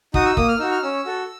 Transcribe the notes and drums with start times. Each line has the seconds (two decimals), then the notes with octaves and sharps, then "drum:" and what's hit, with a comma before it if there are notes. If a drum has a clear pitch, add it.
0.14 D#4 F#4 D#6, drum: kick
0.26 E6
0.37 A#3 D#6, drum: kick
0.48 F6
0.59 D#4 F#4 E6
0.71 F6
0.83 C#4 E6
1.06 F#4 A4